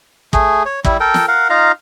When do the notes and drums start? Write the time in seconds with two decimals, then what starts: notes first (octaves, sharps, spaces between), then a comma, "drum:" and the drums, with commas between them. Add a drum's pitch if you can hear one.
0.33 A3 G#4, drum: kick
0.65 C#5
0.85 G3 E4, drum: kick
1.00 A4 A#4 G5
1.14 drum: snare
1.28 A#4 F5 F#5
1.50 D#4 F4 F5 A#5